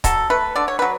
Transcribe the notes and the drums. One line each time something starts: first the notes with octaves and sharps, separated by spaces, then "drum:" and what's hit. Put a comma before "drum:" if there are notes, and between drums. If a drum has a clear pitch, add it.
F#3 A4, drum: kick C#1, hi-hat
A3 B4
D3 D5
C#5
F#3 B4